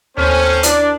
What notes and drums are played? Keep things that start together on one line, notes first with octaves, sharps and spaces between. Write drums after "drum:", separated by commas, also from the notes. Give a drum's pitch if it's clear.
A1 D#2 C4 C#4 A4 C5 F6
D4 E4 A#4 D5, drum: hi-hat